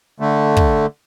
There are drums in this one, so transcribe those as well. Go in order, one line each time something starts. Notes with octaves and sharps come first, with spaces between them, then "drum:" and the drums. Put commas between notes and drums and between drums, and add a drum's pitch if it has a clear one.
D3 A3
drum: kick